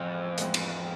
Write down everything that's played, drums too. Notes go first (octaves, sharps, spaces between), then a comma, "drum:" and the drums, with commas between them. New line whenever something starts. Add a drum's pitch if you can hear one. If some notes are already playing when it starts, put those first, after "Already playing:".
Already playing: F2 A2 E3 G#3 B3
A2 E3 G#3 B3, drum: hi-hat
drum: cymbal